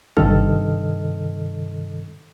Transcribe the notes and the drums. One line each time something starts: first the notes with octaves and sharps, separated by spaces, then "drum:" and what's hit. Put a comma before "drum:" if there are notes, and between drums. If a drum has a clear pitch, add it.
G2 C3 D#3 A4 D#5 F6, drum: kick G1